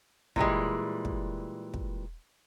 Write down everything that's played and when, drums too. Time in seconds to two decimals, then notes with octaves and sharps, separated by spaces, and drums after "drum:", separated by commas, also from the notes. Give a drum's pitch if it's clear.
0.36 A#2 E3 G3 G#3, drum: kick
1.05 drum: kick
1.74 drum: kick